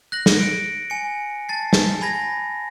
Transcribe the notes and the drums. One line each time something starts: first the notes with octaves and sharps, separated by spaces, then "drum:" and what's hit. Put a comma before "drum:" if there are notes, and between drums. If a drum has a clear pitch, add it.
F#6 A#6 F#7
drum: snare
A#6 C#7 D7
G#5 C#7
A5 A6 C7
drum: snare
G#5 B5 G#6 A#6